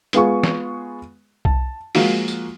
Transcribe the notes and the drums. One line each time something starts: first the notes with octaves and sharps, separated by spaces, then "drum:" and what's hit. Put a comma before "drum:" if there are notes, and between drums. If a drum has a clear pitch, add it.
G#3 B3 F4 G#4 C#6, drum: hi-hat
drum: snare
A5, drum: kick B1
F3 G#3 A#3 F#4, drum: open hi-hat
drum: tambourine